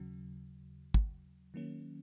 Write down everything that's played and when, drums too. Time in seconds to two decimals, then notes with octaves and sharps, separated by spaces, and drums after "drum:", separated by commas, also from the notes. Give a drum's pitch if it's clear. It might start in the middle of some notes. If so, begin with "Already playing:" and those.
Already playing: D#2 C#3 F#3
0.94 drum: kick
1.54 D#3 F#3 A#3 C#4